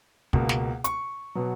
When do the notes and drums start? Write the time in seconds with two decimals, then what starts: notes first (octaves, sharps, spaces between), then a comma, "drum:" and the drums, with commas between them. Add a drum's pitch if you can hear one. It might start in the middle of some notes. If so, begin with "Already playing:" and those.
0.33 C#2 B2 A#3, drum: kick
0.49 drum: snare
0.84 C#6, drum: hi-hat
1.35 B2 F#3 B3